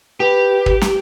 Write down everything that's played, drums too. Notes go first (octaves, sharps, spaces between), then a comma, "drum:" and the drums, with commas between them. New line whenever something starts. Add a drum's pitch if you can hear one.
G4 B4
drum: kick
drum: snare